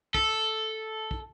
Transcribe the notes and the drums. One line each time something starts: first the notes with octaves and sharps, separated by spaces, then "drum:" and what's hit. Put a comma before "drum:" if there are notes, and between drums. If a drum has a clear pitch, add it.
A4, drum: kick
drum: kick